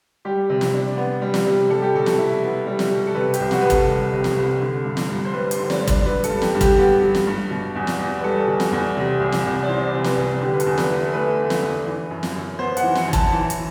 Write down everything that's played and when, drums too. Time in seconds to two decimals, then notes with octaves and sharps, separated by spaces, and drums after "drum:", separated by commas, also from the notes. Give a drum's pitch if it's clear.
0.25 G3 G4
0.49 C3
0.61 drum: snare
0.74 D4
0.97 B3
1.22 G3
1.34 drum: snare
1.46 C3
1.70 G3 A4
1.82 G4
1.94 B2 A4
2.06 drum: snare
2.18 E4
2.43 B3
2.67 G3
2.79 drum: snare
2.91 B2
3.07 A4
3.15 C3 B4
3.34 G4, drum: hi-hat
3.40 C2
3.51 F#4, drum: snare
3.61 C2 B4
3.70 A4, drum: kick, hi-hat
3.88 G3
4.12 C3
4.24 drum: snare
4.36 C2
4.61 D3
4.85 G2
4.97 drum: snare
5.09 G2
5.25 C5
5.33 G3 B4
5.51 C5, drum: hi-hat
5.58 D3
5.70 D5, drum: snare
5.81 G2
5.87 D5, drum: kick, hi-hat
6.06 F#3 B4
6.24 A4, drum: hi-hat
6.30 G2
6.42 G4, drum: snare
6.55 G2
6.61 G4, drum: kick, hi-hat
6.78 B3 G4
7.03 F#3
7.15 drum: snare
7.27 G2
7.51 B2
7.75 E2
7.87 drum: snare
7.99 E2
8.19 B4
8.24 G3 A4
8.47 B2
8.60 drum: snare
8.72 E2
8.96 C3
9.20 C2
9.32 drum: snare
9.45 C2
9.63 D5
9.68 E3 C5
9.93 C3
10.04 B4, drum: snare
10.18 C2
10.41 D3 G4
10.54 B4
10.60 A4, drum: hi-hat
10.66 E2
10.78 B4, drum: snare
10.90 E4
11.05 A4
11.13 A3 B4
11.38 D3
11.50 drum: snare
11.62 E2
11.87 E3
12.10 F#2
12.23 drum: snare
12.35 F#2
12.59 B3 C5
12.77 F#5, drum: hi-hat
12.83 E3
12.95 drum: snare
13.07 F#2
13.13 A5, drum: kick, hi-hat
13.32 E3
13.50 drum: hi-hat